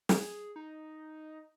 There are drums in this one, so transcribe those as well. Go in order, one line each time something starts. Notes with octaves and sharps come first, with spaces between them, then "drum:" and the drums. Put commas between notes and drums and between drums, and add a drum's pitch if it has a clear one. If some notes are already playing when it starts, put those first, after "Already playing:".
G#4, drum: snare
D#4